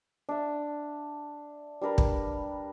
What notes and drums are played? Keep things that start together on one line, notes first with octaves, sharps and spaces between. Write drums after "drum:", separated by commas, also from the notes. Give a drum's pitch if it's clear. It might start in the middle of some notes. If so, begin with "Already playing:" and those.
D4 E5
G3 D4 A#4 B4
drum: kick